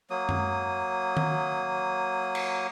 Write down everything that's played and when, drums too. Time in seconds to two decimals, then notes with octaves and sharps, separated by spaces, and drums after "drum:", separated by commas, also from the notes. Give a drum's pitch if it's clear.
0.10 F#3 A#3 D#6
0.29 drum: tom F#2
1.17 drum: tom D#3
2.35 drum: cymbal